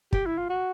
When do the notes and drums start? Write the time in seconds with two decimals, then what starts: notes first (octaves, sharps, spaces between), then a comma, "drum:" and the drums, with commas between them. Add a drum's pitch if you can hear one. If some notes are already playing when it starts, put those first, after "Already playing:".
0.13 G4, drum: kick
0.26 E4
0.38 F4
0.49 F#4